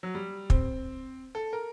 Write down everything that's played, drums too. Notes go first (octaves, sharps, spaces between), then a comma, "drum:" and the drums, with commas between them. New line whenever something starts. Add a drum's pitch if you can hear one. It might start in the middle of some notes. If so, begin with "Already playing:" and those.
F#3
G3
C4, drum: kick
A4
A#4